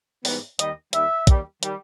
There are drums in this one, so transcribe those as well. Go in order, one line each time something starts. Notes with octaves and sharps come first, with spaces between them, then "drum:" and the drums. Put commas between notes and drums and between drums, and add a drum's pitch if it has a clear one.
G#2 E3 G3 B3, drum: open hi-hat
D#2 D#3 G3 D#5, drum: hi-hat
D#2 D#3 G3 E5, drum: hi-hat
D#2 D#3 G3, drum: kick, hi-hat
D#3 G3, drum: hi-hat